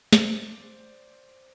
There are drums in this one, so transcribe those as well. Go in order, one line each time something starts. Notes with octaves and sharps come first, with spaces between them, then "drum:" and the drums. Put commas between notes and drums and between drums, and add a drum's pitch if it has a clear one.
C5 D5, drum: snare